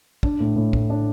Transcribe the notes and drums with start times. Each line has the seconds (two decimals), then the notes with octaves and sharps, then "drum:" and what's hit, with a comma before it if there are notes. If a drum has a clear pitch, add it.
0.23 D4, drum: kick
0.40 A2
0.56 A2
0.73 A2, drum: kick
0.90 D4